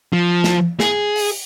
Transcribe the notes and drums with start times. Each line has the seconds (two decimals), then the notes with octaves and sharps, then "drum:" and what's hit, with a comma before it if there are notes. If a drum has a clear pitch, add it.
0.13 F3
0.44 drum: snare
0.80 G#4, drum: snare
1.16 drum: open hi-hat